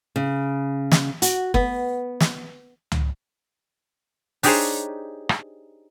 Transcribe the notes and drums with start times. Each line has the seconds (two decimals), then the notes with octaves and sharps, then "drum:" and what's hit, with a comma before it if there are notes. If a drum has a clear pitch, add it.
0.16 C#3
0.92 drum: snare
1.22 F#4, drum: hi-hat
1.54 B3, drum: kick G1
2.20 drum: snare
2.92 drum: tom C#2
4.43 D4 D#4 G4 G#4 C5 C#5, drum: open hi-hat
5.29 drum: rim click